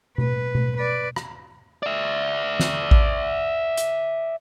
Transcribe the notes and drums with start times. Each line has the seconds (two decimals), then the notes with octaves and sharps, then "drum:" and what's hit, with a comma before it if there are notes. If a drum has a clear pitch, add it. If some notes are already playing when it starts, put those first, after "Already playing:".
0.18 B4, drum: tom B2
0.55 drum: tom B2
0.77 B4 D5
1.16 drum: rim click
1.83 D5 E5
2.59 drum: snare
2.91 drum: kick A1
3.77 drum: hi-hat